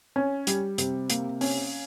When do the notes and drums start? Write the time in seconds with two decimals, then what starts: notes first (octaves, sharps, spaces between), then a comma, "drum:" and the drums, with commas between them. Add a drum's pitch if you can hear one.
0.16 C#4
0.47 G3, drum: hi-hat
0.78 C3, drum: hi-hat
1.10 A#3, drum: hi-hat
1.41 C#4, drum: open hi-hat